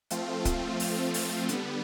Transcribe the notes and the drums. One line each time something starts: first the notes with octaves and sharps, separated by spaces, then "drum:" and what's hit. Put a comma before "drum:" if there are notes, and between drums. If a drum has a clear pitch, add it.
F3 A3 C4 F4, drum: hi-hat
drum: kick C#1, hi-hat
drum: open hi-hat
drum: open hi-hat
D3 G3 B3, drum: hi-hat